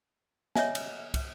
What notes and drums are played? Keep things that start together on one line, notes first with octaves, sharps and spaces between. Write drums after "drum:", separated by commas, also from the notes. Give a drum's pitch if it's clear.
C#5 D#5 E5 G#5, drum: snare
drum: cymbal
drum: kick, cymbal